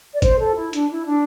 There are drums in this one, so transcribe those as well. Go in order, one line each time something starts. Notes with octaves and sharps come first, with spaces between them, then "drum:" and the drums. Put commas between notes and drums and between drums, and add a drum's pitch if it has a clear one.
D5
C5, drum: kick G1, hi-hat
A4
E4
D4, drum: hi-hat
E4
D4